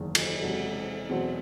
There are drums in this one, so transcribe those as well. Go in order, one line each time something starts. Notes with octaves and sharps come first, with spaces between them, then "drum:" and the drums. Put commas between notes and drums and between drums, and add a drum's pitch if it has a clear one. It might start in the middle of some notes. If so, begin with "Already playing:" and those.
Already playing: F#1 E2 D#3
drum: cymbal
E1 E2 C3 F#3
E2 B2 F#3 C4